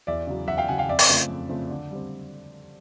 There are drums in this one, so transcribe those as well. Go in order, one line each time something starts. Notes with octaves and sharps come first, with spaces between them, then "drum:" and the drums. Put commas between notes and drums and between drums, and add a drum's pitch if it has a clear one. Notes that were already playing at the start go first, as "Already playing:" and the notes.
E2 D5 E5
C#3 F#3
E2 E5 F#5
F5 G5
C#3 F#3 F#5 G#5
F5 G5
F2 D5 E5
drum: open hi-hat
C#3 F3 A3 C4
F2
C#3 F3 A3 C4
D3
G3 C4